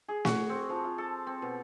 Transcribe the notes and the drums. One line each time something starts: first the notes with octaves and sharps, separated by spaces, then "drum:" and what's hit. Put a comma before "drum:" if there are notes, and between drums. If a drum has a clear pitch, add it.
G#4
F#4, drum: snare
C4
F3
F4
A4
C4
B2